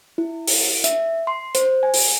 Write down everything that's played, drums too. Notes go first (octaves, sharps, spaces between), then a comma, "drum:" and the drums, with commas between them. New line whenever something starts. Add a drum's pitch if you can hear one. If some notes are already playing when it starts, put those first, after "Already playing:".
E4
drum: open hi-hat
E5, drum: hi-hat
C6
C5, drum: hi-hat
G#5
drum: open hi-hat